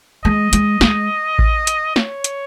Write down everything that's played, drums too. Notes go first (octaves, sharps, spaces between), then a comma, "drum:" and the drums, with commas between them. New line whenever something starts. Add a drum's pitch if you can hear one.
G#3 D#5
G#3, drum: hi-hat
G#3, drum: snare
drum: kick A1
drum: hi-hat
C#5, drum: snare
drum: hi-hat